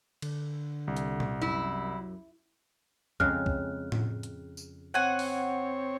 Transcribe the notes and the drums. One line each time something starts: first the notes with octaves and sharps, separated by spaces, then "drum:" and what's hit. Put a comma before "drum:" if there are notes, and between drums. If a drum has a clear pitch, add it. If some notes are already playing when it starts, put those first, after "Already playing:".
D3, drum: cymbal
C2
drum: hi-hat
drum: tom
F#2 E4
F2 C#3 G#3 F6 F#6, drum: kick C2
drum: kick C2
drum: tom A2
drum: hi-hat
drum: tambourine
C4 C#5 F#5 G#5
drum: open hi-hat